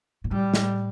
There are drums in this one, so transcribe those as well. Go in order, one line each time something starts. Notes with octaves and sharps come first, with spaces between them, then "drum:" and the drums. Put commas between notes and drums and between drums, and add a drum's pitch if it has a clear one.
A#2
A2 G3
drum: snare